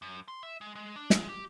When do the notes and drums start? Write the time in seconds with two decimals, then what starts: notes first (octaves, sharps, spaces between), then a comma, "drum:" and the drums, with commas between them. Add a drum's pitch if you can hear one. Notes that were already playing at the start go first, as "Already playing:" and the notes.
0.02 F#2
0.28 C6
0.43 E5
0.61 G#3
0.75 G#3
0.96 D4
1.10 G#3, drum: snare
1.29 G4